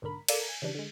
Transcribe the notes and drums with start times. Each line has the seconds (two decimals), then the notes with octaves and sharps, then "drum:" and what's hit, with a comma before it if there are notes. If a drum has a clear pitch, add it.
0.02 B1 G#2 D3 A#4 B5
0.28 A4 A#4 D5 F5, drum: cymbal
0.49 G#5
0.62 C#3 E3 G3 D4
0.75 D3 G#3